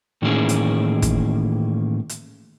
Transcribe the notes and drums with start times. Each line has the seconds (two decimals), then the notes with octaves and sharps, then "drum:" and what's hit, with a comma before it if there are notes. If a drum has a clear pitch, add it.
0.22 A2 D#3 E3 A#3 C#4 G#4
0.49 drum: hi-hat
1.02 drum: kick, hi-hat
2.09 drum: hi-hat